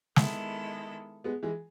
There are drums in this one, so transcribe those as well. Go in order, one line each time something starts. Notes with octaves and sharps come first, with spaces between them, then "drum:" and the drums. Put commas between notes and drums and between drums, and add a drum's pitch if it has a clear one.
D#3 G#3 B3 E4 A4, drum: snare
G#3 B3
E3 G#3